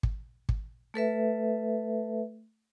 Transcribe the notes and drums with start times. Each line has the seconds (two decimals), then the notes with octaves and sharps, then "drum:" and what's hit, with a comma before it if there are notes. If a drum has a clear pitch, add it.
0.03 drum: kick
0.49 drum: kick
0.94 A3 A4 B4 E5